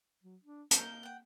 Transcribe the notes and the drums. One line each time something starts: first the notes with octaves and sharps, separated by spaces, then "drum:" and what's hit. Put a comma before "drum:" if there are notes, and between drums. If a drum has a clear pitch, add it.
F#3
D4
A#3 D#4 A#4 G6, drum: hi-hat
F#5 G5